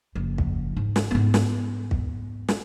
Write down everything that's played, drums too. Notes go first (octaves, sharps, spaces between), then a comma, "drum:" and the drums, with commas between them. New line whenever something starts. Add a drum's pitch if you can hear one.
F#1 F3
drum: kick
G#2
drum: snare
G#2 B3
drum: snare
drum: kick
drum: snare